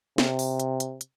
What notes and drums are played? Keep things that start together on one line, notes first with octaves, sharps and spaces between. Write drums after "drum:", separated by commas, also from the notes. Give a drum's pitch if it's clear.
C3, drum: snare
drum: open hi-hat
drum: hi-hat
drum: hi-hat
drum: hi-hat